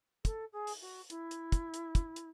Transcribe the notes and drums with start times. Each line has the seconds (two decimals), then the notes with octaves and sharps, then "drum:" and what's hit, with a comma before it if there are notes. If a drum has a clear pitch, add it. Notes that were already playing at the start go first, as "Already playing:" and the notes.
0.25 A4, drum: kick, hi-hat
0.53 G#4
0.67 drum: open hi-hat
0.81 F#4
1.10 E4, drum: hi-hat
1.31 drum: hi-hat
1.52 drum: kick, hi-hat
1.74 drum: hi-hat
1.95 drum: kick, hi-hat
2.16 drum: hi-hat